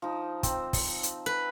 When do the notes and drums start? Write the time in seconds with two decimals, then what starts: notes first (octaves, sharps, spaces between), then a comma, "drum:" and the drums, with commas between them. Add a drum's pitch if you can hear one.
0.02 F3 D#4
0.43 C4, drum: kick, hi-hat
0.73 drum: kick, open hi-hat
1.03 drum: hi-hat
1.26 B4